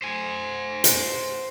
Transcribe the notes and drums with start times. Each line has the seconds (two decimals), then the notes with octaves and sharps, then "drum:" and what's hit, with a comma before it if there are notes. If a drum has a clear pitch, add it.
0.02 C5 G#5
0.84 drum: hi-hat